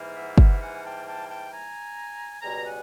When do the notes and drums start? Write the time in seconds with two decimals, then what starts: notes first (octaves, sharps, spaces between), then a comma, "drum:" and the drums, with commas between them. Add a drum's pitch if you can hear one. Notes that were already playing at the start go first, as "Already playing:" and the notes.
Already playing: G#2 E3 G3 A#3
0.15 E5 F#5
0.38 E5 F#5, drum: kick
0.60 F#5 G#5
0.83 G5 A5
1.06 G5 A5
1.28 G5 A5
1.51 G#5 A#5
2.41 C#2 B2 G3 G#5 A#5
2.64 F#5 G#5